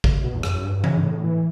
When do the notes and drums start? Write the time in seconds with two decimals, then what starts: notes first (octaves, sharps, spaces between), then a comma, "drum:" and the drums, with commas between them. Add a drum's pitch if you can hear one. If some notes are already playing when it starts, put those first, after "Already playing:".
0.04 drum: kick A1
0.24 B2
0.35 E2
0.43 F#2, drum: rim click
0.64 G2
0.84 C#3, drum: tom E3
0.97 G2
1.04 A2
1.24 E3